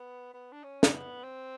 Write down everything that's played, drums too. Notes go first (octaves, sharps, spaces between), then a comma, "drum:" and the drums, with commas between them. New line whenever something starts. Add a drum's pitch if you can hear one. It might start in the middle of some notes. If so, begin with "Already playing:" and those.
Already playing: B3
B3
D4
C#4
A#3, drum: snare
B3
C4